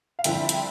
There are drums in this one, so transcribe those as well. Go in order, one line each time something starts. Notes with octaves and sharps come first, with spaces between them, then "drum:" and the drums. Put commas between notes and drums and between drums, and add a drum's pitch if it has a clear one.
F5
G2 D3 F3 C4 E4 E5 G5, drum: hi-hat
drum: hi-hat